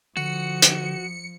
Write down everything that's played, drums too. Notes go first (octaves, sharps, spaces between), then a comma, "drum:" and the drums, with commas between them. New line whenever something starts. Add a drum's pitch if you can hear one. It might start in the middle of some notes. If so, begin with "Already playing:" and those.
D3 F3 F#4 C#7
drum: hi-hat